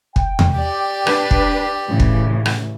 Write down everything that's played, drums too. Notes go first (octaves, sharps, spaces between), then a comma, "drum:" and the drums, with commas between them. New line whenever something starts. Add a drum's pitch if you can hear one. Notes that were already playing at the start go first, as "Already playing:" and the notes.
G5, drum: kick
drum: tom E2
G4 D5
D4 B4, drum: rim click
drum: kick
A2 C#3 E3
drum: kick
drum: rim click